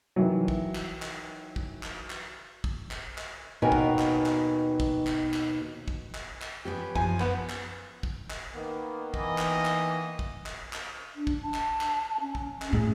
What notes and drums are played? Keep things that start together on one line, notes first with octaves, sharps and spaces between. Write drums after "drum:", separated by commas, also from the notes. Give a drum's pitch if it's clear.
D#3 E3 F#3
drum: kick
drum: clap
drum: clap
drum: kick
drum: clap
drum: clap
drum: kick
drum: clap
drum: clap
D#2 B2 B3 D#4 A#4 G#5
drum: kick
drum: clap
drum: clap
drum: kick
drum: clap
drum: clap
drum: kick
drum: clap
drum: clap
B3 C#4 G4
F#2 F3 G#5, drum: kick
B3, drum: clap
drum: clap
drum: kick
drum: clap
D#3 A#3 B3
E3 D#5, drum: kick
drum: clap
drum: clap
drum: kick
drum: clap
drum: clap
D4
drum: kick
A5
drum: clap
drum: clap
C#4
drum: kick
drum: clap
A2 G#4